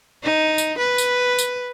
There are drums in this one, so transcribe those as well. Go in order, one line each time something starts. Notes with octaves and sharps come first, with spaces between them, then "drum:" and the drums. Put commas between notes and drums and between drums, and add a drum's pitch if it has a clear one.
D#4
drum: tambourine
B4
drum: tambourine
drum: tambourine